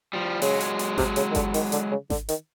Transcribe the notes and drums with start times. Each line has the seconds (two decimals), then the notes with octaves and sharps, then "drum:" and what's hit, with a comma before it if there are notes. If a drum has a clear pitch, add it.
0.13 F3 G3
0.42 C#3 F#3 G#3, drum: open hi-hat
0.61 drum: hi-hat
0.79 drum: hi-hat
0.98 C3, drum: snare G#1
1.16 C#3, drum: hi-hat
1.31 D#3
1.35 D3, drum: kick G1, hi-hat
1.54 D#3, drum: open hi-hat
1.72 D3, drum: hi-hat
1.91 C#3
2.10 D3, drum: snare G#1
2.29 D#3, drum: hi-hat